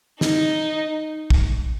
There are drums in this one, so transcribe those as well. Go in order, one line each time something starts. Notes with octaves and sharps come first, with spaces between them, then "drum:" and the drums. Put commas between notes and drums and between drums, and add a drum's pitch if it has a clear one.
D#4, drum: snare
drum: kick